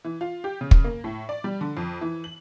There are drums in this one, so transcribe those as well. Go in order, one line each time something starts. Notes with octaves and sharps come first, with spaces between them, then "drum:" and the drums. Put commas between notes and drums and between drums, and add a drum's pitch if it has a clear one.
E3
F4
G4
C#3
drum: kick
A#3
A2
D5
G3
D3
F2
E3
F#7